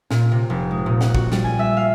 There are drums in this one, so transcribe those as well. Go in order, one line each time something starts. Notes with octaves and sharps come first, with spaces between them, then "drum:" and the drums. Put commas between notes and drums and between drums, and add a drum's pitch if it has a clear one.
A#2, drum: snare
C3
F1
G#3
A#2
F#5, drum: snare
F#4, drum: kick
G3, drum: snare
G#5
E5
F5